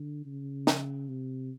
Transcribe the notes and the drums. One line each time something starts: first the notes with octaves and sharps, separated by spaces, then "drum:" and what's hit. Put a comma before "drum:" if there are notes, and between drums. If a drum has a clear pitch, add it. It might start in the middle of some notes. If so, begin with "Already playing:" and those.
Already playing: D3
C#3
drum: snare
C3